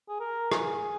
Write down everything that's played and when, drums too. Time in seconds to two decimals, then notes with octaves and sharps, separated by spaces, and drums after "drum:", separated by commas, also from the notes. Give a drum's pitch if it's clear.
0.08 G#4
0.20 A#4
0.52 G#4, drum: rim click